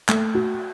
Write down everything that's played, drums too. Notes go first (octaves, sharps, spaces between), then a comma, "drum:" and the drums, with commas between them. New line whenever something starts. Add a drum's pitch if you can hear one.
A3, drum: clap
F#4